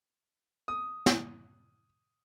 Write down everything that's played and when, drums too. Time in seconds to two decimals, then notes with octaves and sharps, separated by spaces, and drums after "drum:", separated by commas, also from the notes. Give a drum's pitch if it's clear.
0.68 D#6
1.06 drum: snare